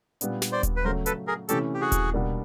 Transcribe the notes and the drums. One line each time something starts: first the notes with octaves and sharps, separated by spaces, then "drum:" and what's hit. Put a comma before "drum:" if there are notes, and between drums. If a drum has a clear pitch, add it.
A#2 G3 B3 D4, drum: hi-hat
drum: snare
C5 D5
drum: kick D#1, hi-hat
B4
C#3 F#3 A3 A#4 C5
A4 B4, drum: hi-hat
G#4 A#4
C3 E3 A3 C#4 G4 A4, drum: hi-hat
G4
F#4 G#4
drum: kick D#1, hi-hat
B2 G3 A#3 D4